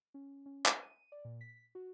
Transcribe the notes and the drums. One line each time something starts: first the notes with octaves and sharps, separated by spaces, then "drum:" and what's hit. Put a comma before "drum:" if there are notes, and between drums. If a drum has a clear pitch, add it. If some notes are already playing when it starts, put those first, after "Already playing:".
C#4
C#4
drum: clap
D#7
D5
A#2
B6
F#4